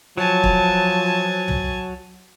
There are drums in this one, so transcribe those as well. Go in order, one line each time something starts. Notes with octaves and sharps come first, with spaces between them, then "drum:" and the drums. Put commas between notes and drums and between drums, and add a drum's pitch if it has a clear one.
F3 F#3 G#5 A5
drum: kick
drum: tom